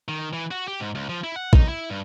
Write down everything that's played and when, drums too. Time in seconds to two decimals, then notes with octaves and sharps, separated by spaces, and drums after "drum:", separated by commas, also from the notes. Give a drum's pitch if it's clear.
0.08 D#3
0.33 E3
0.51 F#4
0.68 G4
0.80 G#2
0.95 C#2
1.09 F3
1.24 E4
1.36 F#5
1.53 D#4, drum: kick
1.68 E4
1.90 G2